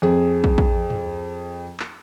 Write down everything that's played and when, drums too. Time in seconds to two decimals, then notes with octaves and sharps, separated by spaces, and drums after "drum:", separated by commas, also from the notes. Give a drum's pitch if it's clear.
0.02 F2 G#4
0.44 drum: kick
0.58 drum: kick
0.90 drum: tom
1.80 drum: clap